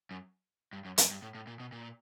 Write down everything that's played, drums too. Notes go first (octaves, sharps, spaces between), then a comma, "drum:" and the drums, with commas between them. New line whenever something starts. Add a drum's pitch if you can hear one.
F#2
G2
F#2
F#2, drum: hi-hat
G2
A2
A2
A#2
B2
A#2